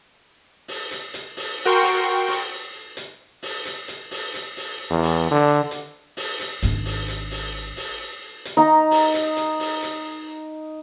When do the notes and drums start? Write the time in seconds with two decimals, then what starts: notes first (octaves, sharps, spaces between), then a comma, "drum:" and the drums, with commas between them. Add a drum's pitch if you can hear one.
0.68 drum: open hi-hat
0.91 drum: hi-hat
1.14 drum: hi-hat
1.37 drum: open hi-hat
1.65 F#4 A#4 G5 C6 C#6
1.83 drum: open hi-hat
2.28 drum: open hi-hat
2.97 drum: hi-hat
3.43 drum: open hi-hat
3.65 drum: hi-hat
3.88 drum: hi-hat
4.11 drum: open hi-hat
4.34 drum: hi-hat
4.57 drum: open hi-hat
4.90 E2
5.03 drum: open hi-hat
5.31 D3
5.71 drum: hi-hat
6.17 drum: open hi-hat
6.40 drum: hi-hat
6.63 G#1 D4, drum: hi-hat
6.85 drum: open hi-hat
7.08 drum: hi-hat
7.31 drum: open hi-hat
7.77 drum: open hi-hat
8.45 drum: hi-hat
8.57 D#4 A#5
8.91 drum: open hi-hat
9.14 drum: hi-hat
9.37 drum: hi-hat
9.60 drum: open hi-hat
9.83 drum: hi-hat